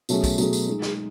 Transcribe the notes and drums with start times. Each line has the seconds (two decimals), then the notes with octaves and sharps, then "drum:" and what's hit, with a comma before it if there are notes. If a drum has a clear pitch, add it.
0.09 B2 F#3 A3 C#4 G#4, drum: tambourine
0.24 drum: kick, tambourine
0.38 B2 F#3 A3 C#4 G#4, drum: tambourine
0.53 drum: tambourine
0.67 G#3 D#4 G#4
0.82 drum: snare